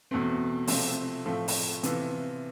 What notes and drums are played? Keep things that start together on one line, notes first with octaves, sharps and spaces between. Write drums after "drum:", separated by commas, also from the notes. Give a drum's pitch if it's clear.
E2 B2 A3 C4
C3 F3 A3 C4, drum: open hi-hat
A2 F3 A3 C4
drum: open hi-hat
C3 E3 B3 F4 A4, drum: hi-hat